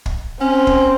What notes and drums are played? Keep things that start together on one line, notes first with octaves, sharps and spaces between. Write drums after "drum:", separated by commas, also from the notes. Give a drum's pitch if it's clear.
drum: kick
C4 C#4
drum: kick